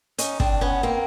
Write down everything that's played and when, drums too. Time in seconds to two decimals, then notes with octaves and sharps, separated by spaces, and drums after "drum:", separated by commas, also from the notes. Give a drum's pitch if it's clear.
0.18 C#4 D#4, drum: hi-hat
0.40 C4 D4, drum: kick
0.61 B3 C#4
0.83 A#3 C4